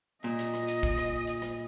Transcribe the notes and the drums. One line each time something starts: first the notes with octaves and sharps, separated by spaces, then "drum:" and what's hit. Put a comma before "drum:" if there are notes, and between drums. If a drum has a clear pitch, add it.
A#2 D#5
drum: hi-hat
drum: rim click
drum: hi-hat
drum: kick
drum: rim click
drum: hi-hat
drum: rim click